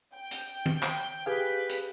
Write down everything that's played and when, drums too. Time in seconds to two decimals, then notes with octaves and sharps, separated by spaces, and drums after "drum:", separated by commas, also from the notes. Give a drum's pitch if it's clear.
0.14 G5
0.31 drum: hi-hat
0.66 drum: tom D#3
0.83 drum: clap
1.26 G4 G#4 B4 F5
1.69 drum: hi-hat